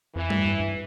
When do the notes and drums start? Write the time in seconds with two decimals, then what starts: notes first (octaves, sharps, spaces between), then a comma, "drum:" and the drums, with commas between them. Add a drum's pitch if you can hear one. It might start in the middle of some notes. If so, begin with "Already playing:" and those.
0.15 F2 E3
0.30 G2, drum: tom G3
0.45 G2
0.60 G2